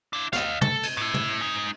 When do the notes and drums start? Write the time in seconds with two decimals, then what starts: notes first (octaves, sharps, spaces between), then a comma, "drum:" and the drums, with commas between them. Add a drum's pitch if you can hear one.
0.13 D4 E4
0.33 D#5 F5, drum: snare
0.61 A4, drum: tom
0.83 drum: cymbal
0.97 A2 E4
1.14 drum: tom
1.41 G#3 D#4